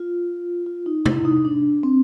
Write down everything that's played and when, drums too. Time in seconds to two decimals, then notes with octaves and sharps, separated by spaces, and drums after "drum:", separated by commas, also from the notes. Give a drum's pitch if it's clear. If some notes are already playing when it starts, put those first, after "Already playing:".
Already playing: F4
0.66 F4
0.86 D#4
1.06 E4, drum: tom C3
1.25 D#4
1.45 D4
1.83 C4